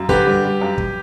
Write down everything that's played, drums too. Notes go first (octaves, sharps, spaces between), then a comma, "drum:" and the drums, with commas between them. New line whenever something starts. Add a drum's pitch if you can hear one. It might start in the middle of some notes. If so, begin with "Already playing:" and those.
Already playing: F#2
D3 G4 B4, drum: kick
G3
G3
F#2
drum: kick